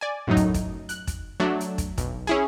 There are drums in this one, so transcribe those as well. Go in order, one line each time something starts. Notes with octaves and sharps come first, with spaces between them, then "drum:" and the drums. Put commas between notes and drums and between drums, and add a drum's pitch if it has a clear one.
D5 G#5
F#2 A2 F#3 D#4
drum: kick, hi-hat
drum: kick, hi-hat
F#6, drum: hi-hat
drum: kick, hi-hat
F#3 A3 D4
drum: hi-hat
drum: kick, hi-hat
B1, drum: kick, hi-hat
C#4 E4 G#4